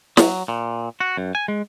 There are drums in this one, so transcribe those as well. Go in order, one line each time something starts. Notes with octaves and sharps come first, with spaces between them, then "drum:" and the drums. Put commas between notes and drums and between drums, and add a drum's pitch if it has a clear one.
F#3, drum: snare
A#2
F#4
F#2
G#5
G#3